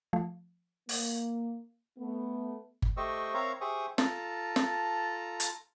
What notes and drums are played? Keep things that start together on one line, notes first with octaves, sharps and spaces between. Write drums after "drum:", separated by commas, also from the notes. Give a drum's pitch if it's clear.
F3 A3
A#3, drum: open hi-hat
A3 B3
drum: kick G1
A3 G4 C5 D#5 C#6 E6
C4 A#4 C#5 E5 F5 A#5
G4 G#4 C5 E5 C#6 D#6
F4 A4 A5 A#5, drum: snare
drum: snare
drum: hi-hat